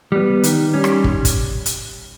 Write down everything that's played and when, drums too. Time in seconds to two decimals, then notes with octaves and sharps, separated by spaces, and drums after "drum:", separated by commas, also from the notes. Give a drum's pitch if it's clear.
0.12 G3 B3
0.44 D#3, drum: hi-hat
0.74 G3 C#4
0.84 drum: rim click
1.04 drum: kick
1.25 drum: kick, hi-hat
1.66 drum: hi-hat